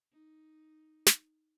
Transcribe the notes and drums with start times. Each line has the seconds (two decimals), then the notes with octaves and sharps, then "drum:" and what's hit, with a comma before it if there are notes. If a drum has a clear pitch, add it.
0.12 D#4
1.07 drum: snare